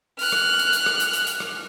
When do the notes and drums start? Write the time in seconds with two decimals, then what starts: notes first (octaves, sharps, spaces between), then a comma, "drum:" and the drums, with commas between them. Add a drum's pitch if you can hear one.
0.19 F6 F#6, drum: open hi-hat
0.32 drum: rim click
0.59 drum: hi-hat
0.73 drum: hi-hat
0.86 drum: rim click
1.00 drum: hi-hat
1.13 drum: hi-hat
1.27 drum: hi-hat
1.40 drum: rim click